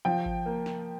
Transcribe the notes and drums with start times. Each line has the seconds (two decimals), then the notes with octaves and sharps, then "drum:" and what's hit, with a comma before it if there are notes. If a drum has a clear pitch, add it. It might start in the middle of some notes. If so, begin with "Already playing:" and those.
0.05 F3 G5
0.26 drum: kick G#1
0.46 A#3
0.66 drum: snare